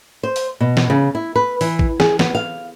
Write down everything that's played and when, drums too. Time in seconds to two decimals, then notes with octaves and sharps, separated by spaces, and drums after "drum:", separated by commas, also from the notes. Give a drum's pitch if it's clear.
0.23 C5
0.36 drum: open hi-hat
0.60 B2
0.77 drum: snare
0.90 C#3
1.15 E4
1.36 B4
1.61 E3, drum: open hi-hat
1.79 drum: kick A1
2.00 G#4, drum: snare
2.19 B3, drum: snare
2.35 F5